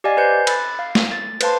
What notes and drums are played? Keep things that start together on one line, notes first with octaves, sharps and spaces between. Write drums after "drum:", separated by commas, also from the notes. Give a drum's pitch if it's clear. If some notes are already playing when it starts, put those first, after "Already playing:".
G4 D5 D#5 F5 G#5 G#6
B4 C5 G#5 G6 C7 C#7
B5 E6 F#6 A6, drum: cymbal
F5
drum: snare
A6
B4 C5 F5 A5 C6, drum: cymbal